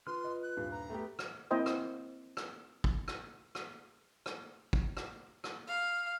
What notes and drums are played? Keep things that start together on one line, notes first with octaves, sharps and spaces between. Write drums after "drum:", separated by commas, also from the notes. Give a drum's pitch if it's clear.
F4 B4 C6 F6
D#5
F#6
D#1 G2
A#5
A3 B3 G4
drum: rim click
A#3 C4 E4 C5 D#5 G5
drum: rim click
drum: rim click
drum: kick
drum: rim click
drum: rim click
drum: rim click
drum: kick
drum: rim click
drum: rim click
F5